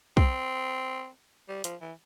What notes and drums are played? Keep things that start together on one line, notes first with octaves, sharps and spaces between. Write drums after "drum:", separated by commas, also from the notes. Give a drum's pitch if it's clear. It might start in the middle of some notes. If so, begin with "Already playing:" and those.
C4, drum: kick
G3
F3, drum: hi-hat
E3